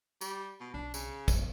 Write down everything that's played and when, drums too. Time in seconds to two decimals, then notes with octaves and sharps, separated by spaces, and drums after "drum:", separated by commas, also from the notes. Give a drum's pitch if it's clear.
0.21 G3, drum: tambourine
0.61 B2
0.74 B1 D4
0.94 C#3, drum: tambourine
1.28 D#1 F2, drum: kick, tambourine